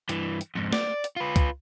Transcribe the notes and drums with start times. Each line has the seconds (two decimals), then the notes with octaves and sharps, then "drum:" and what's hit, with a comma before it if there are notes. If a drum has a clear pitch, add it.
0.09 G2 E3, drum: hi-hat
0.41 drum: hi-hat
0.55 F2 G#2
0.73 D5, drum: snare
1.04 drum: hi-hat
1.16 F4 B4
1.36 drum: kick C#2, hi-hat